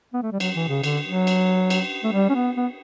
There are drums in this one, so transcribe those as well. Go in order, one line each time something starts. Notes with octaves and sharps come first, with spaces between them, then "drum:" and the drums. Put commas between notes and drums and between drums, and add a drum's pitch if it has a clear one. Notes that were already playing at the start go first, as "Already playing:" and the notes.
B3
A3
G3
F#3, drum: cymbal
E3
C#3
D3, drum: cymbal
F#3
drum: cymbal
drum: cymbal
A3
G3
C#4
B3
B3